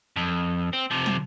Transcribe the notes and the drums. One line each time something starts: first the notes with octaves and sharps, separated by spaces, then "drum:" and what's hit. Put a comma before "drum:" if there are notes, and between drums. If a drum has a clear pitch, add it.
F2
C4
C3 F3
drum: tom